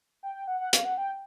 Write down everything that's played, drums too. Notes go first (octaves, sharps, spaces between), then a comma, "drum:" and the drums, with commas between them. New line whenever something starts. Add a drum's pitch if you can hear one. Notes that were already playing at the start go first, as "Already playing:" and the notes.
G5
G5
F#5
F#5
F5, drum: hi-hat
F#5
G5